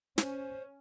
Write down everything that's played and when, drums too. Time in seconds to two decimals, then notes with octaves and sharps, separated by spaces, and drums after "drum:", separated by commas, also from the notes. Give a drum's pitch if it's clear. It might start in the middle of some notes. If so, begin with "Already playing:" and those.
0.18 C#4 C5, drum: snare